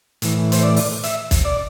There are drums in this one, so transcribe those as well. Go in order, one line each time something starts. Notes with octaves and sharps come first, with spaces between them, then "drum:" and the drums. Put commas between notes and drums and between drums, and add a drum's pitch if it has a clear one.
A2 E3, drum: hi-hat
C5, drum: hi-hat
D5
drum: open hi-hat
E5, drum: hi-hat
drum: kick, hi-hat
D5